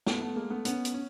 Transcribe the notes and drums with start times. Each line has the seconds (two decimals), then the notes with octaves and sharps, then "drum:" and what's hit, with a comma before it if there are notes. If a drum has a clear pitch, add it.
0.06 A3 B3, drum: snare
0.21 A3 B3
0.36 G#3 A#3
0.50 A3 B3
0.65 B3 C#4, drum: hi-hat
0.85 drum: hi-hat
0.94 C#4